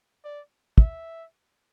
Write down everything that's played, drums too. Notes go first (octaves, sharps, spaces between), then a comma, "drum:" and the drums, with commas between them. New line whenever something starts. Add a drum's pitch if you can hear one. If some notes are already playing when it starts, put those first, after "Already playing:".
D5
E5, drum: kick